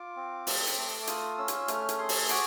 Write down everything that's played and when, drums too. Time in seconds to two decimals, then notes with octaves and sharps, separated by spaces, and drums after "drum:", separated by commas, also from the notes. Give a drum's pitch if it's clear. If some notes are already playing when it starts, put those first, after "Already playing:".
Already playing: F4 D6
0.16 C4
0.47 A3, drum: open hi-hat
0.67 drum: hi-hat
0.77 A3
1.03 D6
1.07 F4 D#6, drum: hi-hat
1.38 C#4 E6
1.48 drum: hi-hat
1.68 A3 F6, drum: hi-hat
1.89 drum: hi-hat
1.99 G#4 C6
2.09 drum: open hi-hat
2.29 F#4 D6, drum: hi-hat